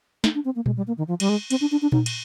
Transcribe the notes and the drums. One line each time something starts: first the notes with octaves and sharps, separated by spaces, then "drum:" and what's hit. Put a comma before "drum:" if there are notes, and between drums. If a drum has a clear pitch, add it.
D#4, drum: snare
D4
C4
A#3
G#3, drum: tom A#2
G3
A#3
D#3
F3
G3, drum: cymbal
G#3
C4, drum: cymbal
D4
D4
D4
D#4, drum: tom A#2
drum: cymbal